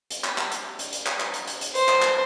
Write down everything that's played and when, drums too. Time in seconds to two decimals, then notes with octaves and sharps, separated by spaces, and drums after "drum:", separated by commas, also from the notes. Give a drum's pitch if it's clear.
0.10 drum: hi-hat
0.24 drum: clap
0.38 drum: clap
0.52 drum: hi-hat
0.79 drum: hi-hat
0.93 drum: hi-hat
1.06 drum: clap
1.20 drum: clap
1.34 drum: hi-hat
1.47 drum: hi-hat
1.61 drum: hi-hat
1.75 C5, drum: hi-hat
1.89 drum: clap
2.02 drum: clap